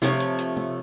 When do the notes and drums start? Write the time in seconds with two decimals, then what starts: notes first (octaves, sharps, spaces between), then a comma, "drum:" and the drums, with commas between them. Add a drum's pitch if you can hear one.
0.02 C3 F3 A3 C#5, drum: snare
0.20 drum: hi-hat
0.38 drum: hi-hat
0.57 drum: tom